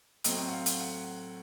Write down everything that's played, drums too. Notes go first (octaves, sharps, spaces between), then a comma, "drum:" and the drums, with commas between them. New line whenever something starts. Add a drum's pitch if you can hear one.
A2 F#3 A3 C4 D#5, drum: hi-hat
F#5
F5
drum: hi-hat
F#5